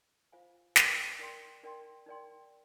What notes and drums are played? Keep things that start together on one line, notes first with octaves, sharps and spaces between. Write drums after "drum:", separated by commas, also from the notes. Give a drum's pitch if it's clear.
F4 C5 F5 G#5
D#4 A#4 D5 G5 C6, drum: snare
D#4 A#4 D5 G5 C6
D#4 A#4 D5 G5 C6
D#4 A#4 D5 G5 C6